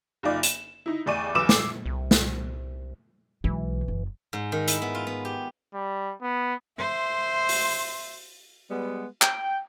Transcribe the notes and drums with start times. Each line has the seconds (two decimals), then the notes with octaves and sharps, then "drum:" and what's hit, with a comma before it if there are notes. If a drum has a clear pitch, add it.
0.23 F#1 D#4 F4 D5
0.43 E7, drum: hi-hat
0.86 D#4 E4
1.06 A1 E2 D5 C#6 D#7
1.35 B1 E2 B4 D6 E6 E7
1.49 D6 C7, drum: snare
1.86 C2
2.11 drum: snare
3.44 B1 E3 G#3
3.88 F#1
4.33 G#2
4.52 D#3
4.68 E4, drum: hi-hat
4.82 B3
4.95 F4
5.07 B3
5.25 G4
5.74 G3
6.22 B3
6.79 C5 E5 C6
7.49 drum: open hi-hat
8.70 G3 G#3 B3
9.22 G5, drum: clap